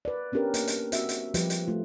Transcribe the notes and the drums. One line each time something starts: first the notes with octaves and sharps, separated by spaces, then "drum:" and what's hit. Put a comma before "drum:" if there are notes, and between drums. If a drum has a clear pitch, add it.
B4 D5
B3 C#4 D4 G4 A#4 B4
A#3, drum: hi-hat
drum: hi-hat
C4 F#4 E5, drum: hi-hat
drum: hi-hat
F3 G3 G4 B4, drum: hi-hat
drum: hi-hat
A3 F4